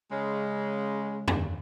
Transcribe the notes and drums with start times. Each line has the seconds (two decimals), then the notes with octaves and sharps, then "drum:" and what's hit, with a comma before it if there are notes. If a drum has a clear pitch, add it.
0.11 C#3 G#3
1.28 drum: tom